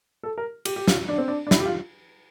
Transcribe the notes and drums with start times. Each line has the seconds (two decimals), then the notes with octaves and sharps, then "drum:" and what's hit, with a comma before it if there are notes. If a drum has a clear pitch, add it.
0.23 A4
0.38 A#4
0.65 G4, drum: cymbal
0.76 G4
0.88 F4, drum: snare
1.09 D4
1.18 C4
1.28 D4
1.47 D4
1.51 E4, drum: snare
1.60 G4
1.66 F4